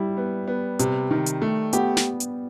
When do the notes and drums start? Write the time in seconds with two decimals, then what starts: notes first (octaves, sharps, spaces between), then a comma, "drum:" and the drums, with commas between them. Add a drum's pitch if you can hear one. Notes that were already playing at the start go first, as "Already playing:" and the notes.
Already playing: G3 E4
0.17 B3
0.48 B3
0.79 C3, drum: hi-hat
1.11 D#3
1.26 drum: hi-hat
1.42 A3
1.73 B3 G4, drum: hi-hat
1.97 drum: snare
2.20 drum: hi-hat